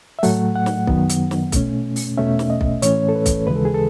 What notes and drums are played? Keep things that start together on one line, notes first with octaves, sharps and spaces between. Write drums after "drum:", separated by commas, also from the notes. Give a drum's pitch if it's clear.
E5
A2 F#3 A3 F#5, drum: open hi-hat
F#5
drum: snare
F#2 D#3 F#3 B3, drum: kick B1
drum: hi-hat
drum: snare
B2 A3 C#4, drum: kick B1, hi-hat
drum: open hi-hat
E2 B2 A3 C#4 E5
drum: snare
D#5
drum: kick B1
A2 E3 A3 C#4 C#5, drum: hi-hat
A4
B4
drum: kick B1, hi-hat
D#2 C#3 E3 G#3 B4
A4
G#4
A4